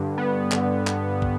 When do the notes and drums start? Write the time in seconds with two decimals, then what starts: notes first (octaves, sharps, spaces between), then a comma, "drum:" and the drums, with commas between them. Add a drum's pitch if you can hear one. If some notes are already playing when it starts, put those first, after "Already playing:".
Already playing: G2 D3
0.18 B3
0.52 D3, drum: clap
0.87 drum: clap
1.22 drum: kick